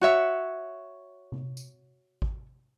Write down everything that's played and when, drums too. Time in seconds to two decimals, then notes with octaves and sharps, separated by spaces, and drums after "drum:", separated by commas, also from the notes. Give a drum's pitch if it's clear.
0.01 F#4 C#5 E5
1.32 drum: tom C3
1.57 drum: tambourine
2.22 drum: kick G#1